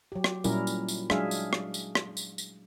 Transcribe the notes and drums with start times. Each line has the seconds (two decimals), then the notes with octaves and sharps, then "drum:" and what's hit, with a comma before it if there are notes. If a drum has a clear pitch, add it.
0.12 F#3 G4
0.24 drum: rim click
0.44 A#2 F#3 G3 C#4 E4 A#4, drum: tambourine
0.67 drum: tambourine
0.88 drum: tambourine
1.10 F#3 G#3 D4 G#4 E5 F5, drum: rim click
1.31 drum: tambourine
1.53 drum: rim click
1.74 drum: tambourine
1.95 drum: rim click
2.17 drum: tambourine
2.38 drum: tambourine